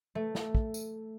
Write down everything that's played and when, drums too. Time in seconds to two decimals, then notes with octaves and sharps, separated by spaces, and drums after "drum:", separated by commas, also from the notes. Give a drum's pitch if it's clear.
0.15 A3
0.35 drum: snare
0.55 drum: kick
0.74 drum: tambourine